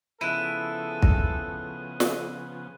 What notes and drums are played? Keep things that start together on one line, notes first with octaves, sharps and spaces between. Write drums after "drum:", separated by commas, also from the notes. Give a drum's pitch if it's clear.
C#3 F3 B3 E4 G#4 A4 F#6 D#7
drum: kick
drum: snare